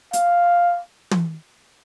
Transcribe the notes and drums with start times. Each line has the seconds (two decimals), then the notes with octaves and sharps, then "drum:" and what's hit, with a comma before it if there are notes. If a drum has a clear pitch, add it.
0.13 F5, drum: hi-hat
1.11 drum: tom